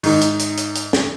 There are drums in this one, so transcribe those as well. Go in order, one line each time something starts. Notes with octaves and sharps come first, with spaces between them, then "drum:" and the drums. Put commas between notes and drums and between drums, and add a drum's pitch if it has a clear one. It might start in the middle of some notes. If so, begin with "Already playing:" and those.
G#2 D#3, drum: open hi-hat
drum: hi-hat
drum: hi-hat
drum: hi-hat
drum: hi-hat
drum: snare